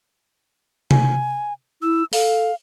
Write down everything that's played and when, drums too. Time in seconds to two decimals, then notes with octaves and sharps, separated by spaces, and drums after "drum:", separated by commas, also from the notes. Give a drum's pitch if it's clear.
0.91 G#5, drum: tom C3
1.82 E4 E6
2.13 A4 F5, drum: open hi-hat